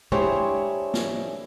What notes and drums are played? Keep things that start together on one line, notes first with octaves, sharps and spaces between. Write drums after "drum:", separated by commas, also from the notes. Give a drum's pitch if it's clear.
D4 E4 G4 G#4 C5 C#5, drum: tom G#3
drum: snare